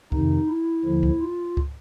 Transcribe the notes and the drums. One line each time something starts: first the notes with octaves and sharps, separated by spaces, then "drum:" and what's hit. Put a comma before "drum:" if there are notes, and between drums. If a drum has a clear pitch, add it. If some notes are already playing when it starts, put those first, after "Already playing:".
F2 C3 D#3 D#4, drum: kick C#2
E4
D#2 D3 F3
drum: kick C#2
F4
drum: kick C#2